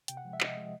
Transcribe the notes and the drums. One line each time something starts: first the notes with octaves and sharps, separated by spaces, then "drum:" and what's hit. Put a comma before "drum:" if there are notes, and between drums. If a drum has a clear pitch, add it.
C3 G5, drum: hi-hat
F#5
F3 G#3
E5
C3 D#5, drum: clap
F3 G#3